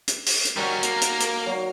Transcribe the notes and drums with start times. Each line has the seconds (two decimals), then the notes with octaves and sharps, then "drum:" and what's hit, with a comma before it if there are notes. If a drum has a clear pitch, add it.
0.08 drum: hi-hat
0.26 drum: open hi-hat
0.45 drum: hi-hat
0.57 G3 C#4 F#4 A#4 D#5
0.83 A#3, drum: hi-hat
1.01 drum: hi-hat
1.20 drum: hi-hat
1.46 F#3